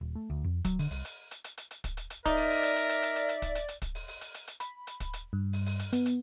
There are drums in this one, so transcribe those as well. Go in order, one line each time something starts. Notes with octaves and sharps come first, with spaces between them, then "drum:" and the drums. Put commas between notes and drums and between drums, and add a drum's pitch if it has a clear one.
D#1
A3
D2
F2
F#3, drum: kick, hi-hat
D3, drum: open hi-hat
C2, drum: open hi-hat
drum: hi-hat
drum: hi-hat
drum: hi-hat
drum: hi-hat
drum: hi-hat
drum: kick, hi-hat
drum: hi-hat
drum: hi-hat
D#4 A#4 D5 E5, drum: kick, hi-hat
drum: open hi-hat
drum: open hi-hat
drum: hi-hat
drum: hi-hat
drum: hi-hat
drum: hi-hat
drum: hi-hat
drum: hi-hat
drum: kick, hi-hat
drum: hi-hat
drum: hi-hat
drum: kick, hi-hat
drum: open hi-hat
drum: open hi-hat
drum: hi-hat
drum: hi-hat
drum: hi-hat
B5, drum: hi-hat
drum: hi-hat
drum: kick, hi-hat
drum: hi-hat
G2
drum: open hi-hat
drum: open hi-hat
drum: hi-hat
B3, drum: hi-hat
drum: hi-hat